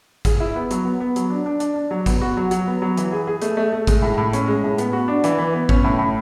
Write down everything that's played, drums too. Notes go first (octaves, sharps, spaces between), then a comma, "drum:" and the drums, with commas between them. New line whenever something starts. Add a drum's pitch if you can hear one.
G#4, drum: kick, hi-hat
E4
B3
F#3, drum: hi-hat
B3
B3
F#3, drum: hi-hat
D4
D4
D4, drum: hi-hat
D4
F#3
B3, drum: kick, hi-hat
F#4
F#3
F#3, drum: hi-hat
B3
F#3
E3, drum: hi-hat
G#4
G#4
A3, drum: hi-hat
A3
A3
G#3, drum: kick, hi-hat
A2
A2
C#4, drum: hi-hat
G#3
A2
B3, drum: hi-hat
F#4
D4
E3, drum: hi-hat
E3
B3
C#4, drum: kick
A2
A2